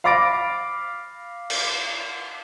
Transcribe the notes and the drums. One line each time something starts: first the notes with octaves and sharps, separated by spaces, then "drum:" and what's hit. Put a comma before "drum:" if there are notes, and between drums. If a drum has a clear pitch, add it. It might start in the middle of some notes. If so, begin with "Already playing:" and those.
F5 B5 D6 A6 A#6 D7
drum: cymbal